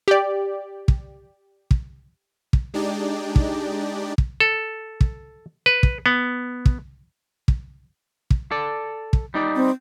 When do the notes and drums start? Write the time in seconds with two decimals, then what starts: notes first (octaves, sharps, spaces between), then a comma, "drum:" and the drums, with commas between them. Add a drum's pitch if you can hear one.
0.08 G4 D5
0.88 drum: kick
1.71 drum: kick
2.53 drum: kick
2.74 G#3 D4 D#4 G4 D5
3.36 drum: kick
4.18 drum: kick
4.40 A4
5.01 drum: kick
5.66 B4
5.83 drum: kick
6.06 B3
6.66 drum: kick
7.48 drum: kick
8.30 drum: kick
8.51 A4 D5
9.13 drum: kick
9.34 G3 D#4 D5
9.56 C4